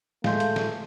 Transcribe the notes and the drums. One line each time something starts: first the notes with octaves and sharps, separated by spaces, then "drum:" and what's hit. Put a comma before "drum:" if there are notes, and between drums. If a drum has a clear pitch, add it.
A2 G#3 A3 F5 C6 G6, drum: snare
drum: hi-hat
drum: snare